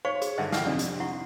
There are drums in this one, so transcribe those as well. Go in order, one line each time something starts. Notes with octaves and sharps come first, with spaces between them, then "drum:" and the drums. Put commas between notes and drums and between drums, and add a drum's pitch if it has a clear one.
C5 C#5 F5 C#6
G#4, drum: hi-hat
G2 D3 D#5 E5 F#5
F5 G5, drum: snare
F2 C3 D4 D5
drum: hi-hat
E4 F#5 C#6